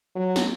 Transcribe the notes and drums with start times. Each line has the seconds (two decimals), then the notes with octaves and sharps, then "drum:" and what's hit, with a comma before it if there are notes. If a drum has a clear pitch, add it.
0.15 F#3
0.36 drum: snare